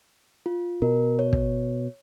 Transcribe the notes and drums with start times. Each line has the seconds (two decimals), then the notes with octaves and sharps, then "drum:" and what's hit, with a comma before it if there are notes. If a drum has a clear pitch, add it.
0.46 F4
0.82 B2 A#4
1.19 C#5
1.33 drum: kick